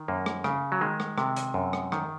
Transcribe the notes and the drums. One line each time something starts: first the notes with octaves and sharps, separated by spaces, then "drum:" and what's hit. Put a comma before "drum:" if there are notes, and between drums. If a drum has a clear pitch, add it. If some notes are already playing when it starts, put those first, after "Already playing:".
Already playing: D#3
F#2 A#3
drum: rim click
C#3, drum: rim click
F#3
D#3 G#3
drum: rim click
C3, drum: rim click
drum: hi-hat
F#2
drum: rim click
D#3, drum: rim click